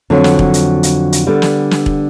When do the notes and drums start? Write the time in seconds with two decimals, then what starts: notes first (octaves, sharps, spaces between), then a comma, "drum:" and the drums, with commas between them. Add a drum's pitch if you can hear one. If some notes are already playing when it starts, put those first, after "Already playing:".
0.10 F2 D3 F#3
0.24 drum: snare
0.39 drum: kick E1
0.54 drum: hi-hat
0.83 drum: hi-hat
1.12 drum: hi-hat
1.27 D3 G3 B3
1.42 drum: snare
1.71 drum: snare
1.86 drum: kick E1